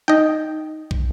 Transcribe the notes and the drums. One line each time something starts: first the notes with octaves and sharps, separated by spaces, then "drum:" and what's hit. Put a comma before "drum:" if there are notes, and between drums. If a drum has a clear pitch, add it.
D#4 D#5 G5
drum: kick